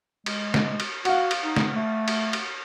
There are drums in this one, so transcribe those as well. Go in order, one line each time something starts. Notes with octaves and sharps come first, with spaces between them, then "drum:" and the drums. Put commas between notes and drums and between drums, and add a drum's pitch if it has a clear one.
G#3, drum: cymbal
drum: snare
drum: cymbal
F#4 F5 F#5, drum: cymbal
drum: cymbal
D#4
drum: snare
A3
drum: cymbal
drum: cymbal